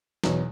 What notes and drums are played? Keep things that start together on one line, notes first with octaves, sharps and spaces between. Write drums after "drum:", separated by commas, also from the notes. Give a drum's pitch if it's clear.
E2 B2 F#3 B3, drum: snare